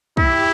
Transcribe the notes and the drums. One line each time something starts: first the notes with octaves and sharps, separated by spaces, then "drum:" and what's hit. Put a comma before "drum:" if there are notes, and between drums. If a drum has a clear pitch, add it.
E4 G4, drum: kick